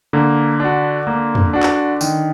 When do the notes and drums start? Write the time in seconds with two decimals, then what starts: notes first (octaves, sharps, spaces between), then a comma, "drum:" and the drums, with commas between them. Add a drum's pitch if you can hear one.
0.13 D3 A#3
0.60 D4 F#4
1.07 A#3
1.35 drum: tom
1.53 D4 F#4
1.63 drum: clap
2.01 D#3, drum: tambourine